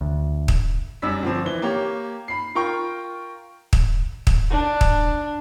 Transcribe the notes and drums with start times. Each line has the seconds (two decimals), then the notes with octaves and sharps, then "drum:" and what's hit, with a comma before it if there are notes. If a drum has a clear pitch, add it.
0.01 D2
0.48 drum: kick
1.02 F#2 G3 E6 B6
1.23 G1 F3 C4
1.45 E3 G7
1.62 A#3 G4 C#5
2.28 B5 C7
2.55 F4 A#4 G5 C#6
3.73 drum: kick
4.27 drum: kick
4.50 D4
4.81 drum: kick